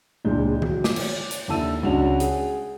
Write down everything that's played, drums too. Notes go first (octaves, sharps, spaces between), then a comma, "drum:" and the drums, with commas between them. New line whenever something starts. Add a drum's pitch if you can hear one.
D1 C#2 A#2 G#3 D4 G6
F#3, drum: tom D#3
D6, drum: snare
drum: cymbal
drum: hi-hat
D#2 D3 E4 A5 E6 D#7
C#2 C#4 D4 F#4 C#5 F7
G#4 F#5, drum: hi-hat